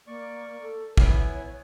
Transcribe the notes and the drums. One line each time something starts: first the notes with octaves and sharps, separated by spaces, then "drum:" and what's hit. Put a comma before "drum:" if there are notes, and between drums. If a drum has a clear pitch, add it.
A#3 D5 C#6
A4
B3 E4 C#5 G#5, drum: kick